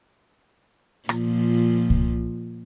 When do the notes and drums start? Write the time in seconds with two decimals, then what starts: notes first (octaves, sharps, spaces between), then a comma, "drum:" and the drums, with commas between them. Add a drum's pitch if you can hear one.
1.09 A#2 F3, drum: rim click
1.90 drum: kick C2